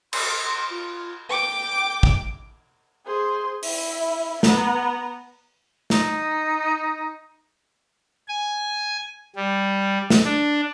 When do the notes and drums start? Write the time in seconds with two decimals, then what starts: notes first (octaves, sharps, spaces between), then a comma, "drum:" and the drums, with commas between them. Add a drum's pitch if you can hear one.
0.13 C6, drum: cymbal
0.70 F4
1.30 G5 D6
2.03 drum: kick
3.06 G#4 C5
3.63 E4 E5, drum: open hi-hat
4.43 B3 A#5, drum: snare
5.90 D#4, drum: snare
8.28 G#5
9.36 G3
10.10 drum: snare
10.24 D4